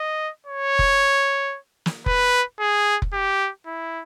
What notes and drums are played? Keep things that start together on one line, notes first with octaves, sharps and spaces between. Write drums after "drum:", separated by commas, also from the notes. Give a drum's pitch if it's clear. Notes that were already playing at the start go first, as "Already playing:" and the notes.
Already playing: D#5
C#5
drum: kick F1
drum: snare
B4, drum: kick F1
G#4
drum: kick F1
G4
E4